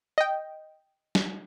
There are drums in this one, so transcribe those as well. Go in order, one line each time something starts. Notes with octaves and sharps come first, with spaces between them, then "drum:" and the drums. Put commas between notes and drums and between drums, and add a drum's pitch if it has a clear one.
D#5 G5
drum: snare